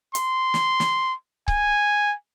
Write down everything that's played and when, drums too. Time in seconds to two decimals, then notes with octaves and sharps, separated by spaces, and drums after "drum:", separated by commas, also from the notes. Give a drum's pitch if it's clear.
0.15 C6, drum: hi-hat
0.54 drum: snare
0.80 drum: snare
1.48 G#5, drum: kick C#1